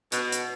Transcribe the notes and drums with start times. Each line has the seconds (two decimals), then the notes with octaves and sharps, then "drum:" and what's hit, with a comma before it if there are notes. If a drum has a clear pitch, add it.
0.12 B2, drum: hi-hat
0.32 drum: hi-hat